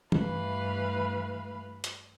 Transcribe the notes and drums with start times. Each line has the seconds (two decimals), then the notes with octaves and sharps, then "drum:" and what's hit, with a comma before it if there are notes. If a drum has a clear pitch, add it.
0.12 G2 E3 A3 B4 F5 B5, drum: tom
1.84 drum: hi-hat